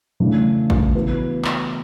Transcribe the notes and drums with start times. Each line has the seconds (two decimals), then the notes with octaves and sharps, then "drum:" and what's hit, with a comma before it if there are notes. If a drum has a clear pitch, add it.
0.20 C#3 E3 A3 D4
0.70 drum: kick A1
0.95 E3 B3 F#4
1.45 drum: clap